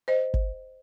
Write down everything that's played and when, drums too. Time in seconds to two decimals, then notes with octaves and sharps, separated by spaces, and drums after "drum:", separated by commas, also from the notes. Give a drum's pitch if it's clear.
0.08 C5 D#5
0.34 drum: kick G1